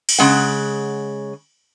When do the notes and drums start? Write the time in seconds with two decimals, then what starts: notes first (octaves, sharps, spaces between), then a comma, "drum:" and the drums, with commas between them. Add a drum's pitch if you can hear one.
0.09 drum: cymbal
0.19 C#3 G#3 F#5